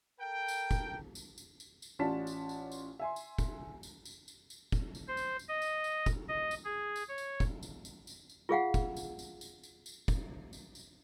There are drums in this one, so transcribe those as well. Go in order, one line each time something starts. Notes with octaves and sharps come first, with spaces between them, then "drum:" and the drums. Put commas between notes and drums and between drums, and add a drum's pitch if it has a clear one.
A4 A#4 G5
drum: tambourine
drum: kick, tambourine
drum: tambourine
drum: tambourine
drum: tambourine
drum: tambourine
A1 C#4 F4 D5 A5 B6
drum: tambourine
drum: tambourine
drum: tambourine
E5 G#5 C6
drum: tambourine
drum: kick, tambourine
drum: tambourine
drum: tambourine
drum: tambourine
drum: tambourine
drum: kick, tambourine
drum: tambourine
C5
drum: tambourine
drum: tambourine
D#5
drum: tambourine
drum: tambourine
drum: kick, tambourine
D#5
drum: tambourine
G#4
drum: tambourine
C#5
drum: tambourine
drum: kick, tambourine
drum: tambourine
drum: tambourine
drum: tambourine
drum: tambourine
F4 G#4 F5 F#5
drum: kick, tambourine
drum: tambourine
drum: tambourine
drum: tambourine
drum: tambourine
drum: tambourine
drum: kick, tambourine
drum: tambourine
drum: tambourine